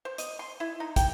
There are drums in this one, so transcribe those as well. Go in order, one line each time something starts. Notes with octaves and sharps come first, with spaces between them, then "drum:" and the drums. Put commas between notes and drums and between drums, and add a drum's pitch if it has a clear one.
C5
D#5, drum: hi-hat
C6
E4
D#4
G5, drum: kick, hi-hat